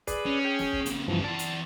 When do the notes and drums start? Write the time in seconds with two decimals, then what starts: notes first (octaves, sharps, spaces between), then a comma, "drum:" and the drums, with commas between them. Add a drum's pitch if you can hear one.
0.07 G#4 B4 D5, drum: kick, hi-hat
0.26 C#4
0.45 G#4 G5
0.59 drum: snare
0.72 drum: kick
0.86 A#2 C#3, drum: hi-hat
1.08 G2 C#3 E3 F3 B3
1.24 E3 D5 A5
1.39 drum: hi-hat